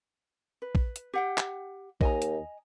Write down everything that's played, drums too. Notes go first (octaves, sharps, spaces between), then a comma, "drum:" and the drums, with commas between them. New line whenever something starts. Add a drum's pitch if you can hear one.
B4
drum: kick
drum: hi-hat
G4 F#5 G5
drum: clap
D#2 D#5 G#5 A#5, drum: kick
drum: hi-hat